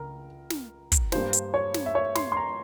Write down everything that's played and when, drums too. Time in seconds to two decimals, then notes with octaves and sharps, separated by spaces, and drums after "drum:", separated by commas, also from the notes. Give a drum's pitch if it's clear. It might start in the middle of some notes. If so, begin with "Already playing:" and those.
Already playing: C#2 A#4
0.50 drum: snare
0.92 drum: kick, hi-hat
1.12 G2 G3 A#3 C5, drum: snare
1.33 drum: hi-hat
1.54 C#5
1.74 drum: snare
1.86 E5
1.95 C#5
2.15 C6, drum: snare
2.32 C6
2.37 A#5